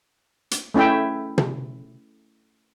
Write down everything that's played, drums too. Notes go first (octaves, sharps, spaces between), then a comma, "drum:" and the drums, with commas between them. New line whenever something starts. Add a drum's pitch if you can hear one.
drum: hi-hat
A3 C#4 E4 E5 G5
drum: tom